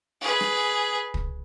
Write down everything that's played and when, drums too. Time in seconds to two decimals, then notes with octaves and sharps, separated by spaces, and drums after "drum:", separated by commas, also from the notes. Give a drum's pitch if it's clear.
0.22 G#4 B4
0.41 drum: rim click
1.14 drum: kick